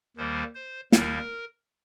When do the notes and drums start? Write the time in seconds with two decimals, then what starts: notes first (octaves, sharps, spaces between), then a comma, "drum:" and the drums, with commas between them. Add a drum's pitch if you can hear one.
0.17 D#2 D#3 G3 A#3 C5
0.55 C5
0.92 D#2 D#3 G3 A#3 A#4, drum: snare